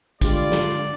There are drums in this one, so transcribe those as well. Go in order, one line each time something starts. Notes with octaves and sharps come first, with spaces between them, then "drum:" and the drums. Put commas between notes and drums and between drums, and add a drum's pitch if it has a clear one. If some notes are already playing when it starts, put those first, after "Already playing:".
D3 G3 G#3 F4 D5, drum: kick, tambourine
drum: snare